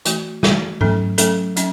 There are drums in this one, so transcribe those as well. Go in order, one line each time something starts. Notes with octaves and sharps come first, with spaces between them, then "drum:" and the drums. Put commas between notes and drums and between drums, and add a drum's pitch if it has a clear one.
E3 A3 F#4, drum: hi-hat
E3 A3 F#4, drum: snare
F#3 A3 C#4 A4, drum: tom G#2
F#3 A3 C#4 A4, drum: hi-hat
F#3 C#4, drum: hi-hat